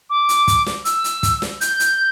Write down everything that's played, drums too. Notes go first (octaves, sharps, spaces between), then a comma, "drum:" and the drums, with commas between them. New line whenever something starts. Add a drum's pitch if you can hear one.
D6
drum: hi-hat
drum: kick, hi-hat
drum: snare
E6, drum: hi-hat
drum: hi-hat
drum: kick, hi-hat
drum: snare
G6, drum: hi-hat
drum: hi-hat